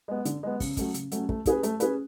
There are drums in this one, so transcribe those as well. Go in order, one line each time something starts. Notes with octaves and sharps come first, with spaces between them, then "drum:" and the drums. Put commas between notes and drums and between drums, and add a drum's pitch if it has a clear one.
G#3 B3
D3, drum: hi-hat
G#3 B3
C#3, drum: kick, open hi-hat
F#3 A3 C#4, drum: kick, hi-hat
C#3, drum: hi-hat
F#3 A3 C#4, drum: hi-hat
A3, drum: kick
C#4 G#4 B4, drum: kick, hi-hat
A3, drum: hi-hat
C#4 G#4 B4, drum: hi-hat